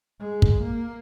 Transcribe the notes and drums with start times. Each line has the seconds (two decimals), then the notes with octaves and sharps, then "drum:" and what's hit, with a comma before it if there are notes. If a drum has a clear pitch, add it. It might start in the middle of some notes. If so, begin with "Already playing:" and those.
0.20 G#3
0.42 drum: kick
0.62 A#3